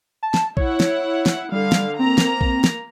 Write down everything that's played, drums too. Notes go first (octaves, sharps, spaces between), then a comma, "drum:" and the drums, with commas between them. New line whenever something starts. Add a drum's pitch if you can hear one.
A5
drum: snare
E4 C#5 F#5, drum: kick A#1
drum: snare
drum: snare
D3 G3 F5
drum: snare
A#3 C4 A#5
drum: snare
drum: kick A#1
drum: snare